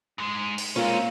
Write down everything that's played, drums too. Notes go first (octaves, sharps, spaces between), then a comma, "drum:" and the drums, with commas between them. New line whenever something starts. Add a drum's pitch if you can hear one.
G#2 G#3
drum: open hi-hat
G#3 A#3 C4 C#4 F4 C#5